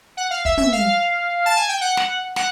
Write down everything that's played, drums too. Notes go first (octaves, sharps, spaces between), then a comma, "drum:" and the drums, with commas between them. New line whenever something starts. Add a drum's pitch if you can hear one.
F#5
F5
E5, drum: kick
E5, drum: tom
F5
A5
G#5
G5
F#5
drum: snare
F#5, drum: snare